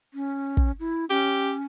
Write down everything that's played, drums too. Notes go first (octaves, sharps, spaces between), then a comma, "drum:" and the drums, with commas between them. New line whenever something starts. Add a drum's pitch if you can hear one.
C#4
drum: kick
E4
C#4 G4